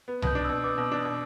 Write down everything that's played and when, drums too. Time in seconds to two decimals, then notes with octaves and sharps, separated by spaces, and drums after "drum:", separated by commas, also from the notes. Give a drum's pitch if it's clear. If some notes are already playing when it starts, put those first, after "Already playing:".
0.08 B3
0.22 B2 G6, drum: tom C2
0.35 D4
0.45 E6
0.49 B2
0.64 B3 D6
0.78 B2
0.92 D4
1.05 B2